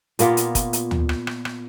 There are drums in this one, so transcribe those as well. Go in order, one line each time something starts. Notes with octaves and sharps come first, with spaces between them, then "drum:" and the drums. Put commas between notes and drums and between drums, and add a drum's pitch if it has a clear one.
A#2 A#3 B3 F4, drum: hi-hat
drum: hi-hat
drum: kick, hi-hat
drum: hi-hat
drum: tom
drum: rim click
drum: rim click
drum: rim click